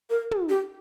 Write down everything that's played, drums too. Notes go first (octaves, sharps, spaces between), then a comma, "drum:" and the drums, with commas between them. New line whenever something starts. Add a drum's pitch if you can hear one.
A#4
drum: tom
G4